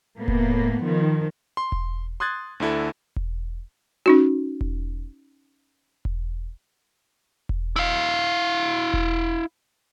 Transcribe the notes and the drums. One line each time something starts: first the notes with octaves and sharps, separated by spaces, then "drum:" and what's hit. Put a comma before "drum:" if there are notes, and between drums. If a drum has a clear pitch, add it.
A2 A#3 B3
drum: kick E1
D#3 F3
C6
drum: kick E1
C6 D#6 F#6 G#6 A6
D2 D3 E4 A4
drum: kick E1
C#4 D#4 F#4
drum: kick E1
drum: kick E1
drum: kick E1
E4 F5
drum: kick E1